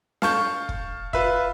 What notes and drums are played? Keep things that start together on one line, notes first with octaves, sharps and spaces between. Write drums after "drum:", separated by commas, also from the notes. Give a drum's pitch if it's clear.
F5 A5 C#6 G6, drum: snare
drum: kick
F4 B4 E5, drum: kick